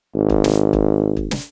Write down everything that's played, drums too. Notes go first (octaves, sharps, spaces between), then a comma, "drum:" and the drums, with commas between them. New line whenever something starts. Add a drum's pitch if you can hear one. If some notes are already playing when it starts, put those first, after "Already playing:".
G#1
drum: kick
drum: snare
drum: kick
drum: kick
drum: snare